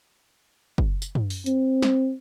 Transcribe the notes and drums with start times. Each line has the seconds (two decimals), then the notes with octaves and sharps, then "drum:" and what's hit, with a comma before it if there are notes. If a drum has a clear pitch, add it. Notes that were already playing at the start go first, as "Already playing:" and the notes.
0.78 drum: kick
1.02 drum: tambourine
1.15 drum: tom
1.30 drum: open hi-hat
1.46 C4, drum: hi-hat
1.82 drum: snare